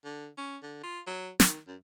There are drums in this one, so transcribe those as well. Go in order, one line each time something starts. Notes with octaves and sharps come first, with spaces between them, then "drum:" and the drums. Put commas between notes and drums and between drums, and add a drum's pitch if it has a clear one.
D3
C#4
D3
F4
F#3
D#3, drum: snare
F#2